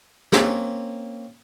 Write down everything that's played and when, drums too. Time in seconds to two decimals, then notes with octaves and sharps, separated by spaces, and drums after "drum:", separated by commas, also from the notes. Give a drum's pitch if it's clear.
0.32 A#3 C4 C#4, drum: snare